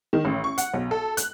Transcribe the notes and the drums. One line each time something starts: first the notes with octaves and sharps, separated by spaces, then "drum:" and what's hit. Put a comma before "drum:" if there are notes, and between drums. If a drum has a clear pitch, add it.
D#3
A1
C#6
F#5, drum: hi-hat
B1
A4
F#6, drum: hi-hat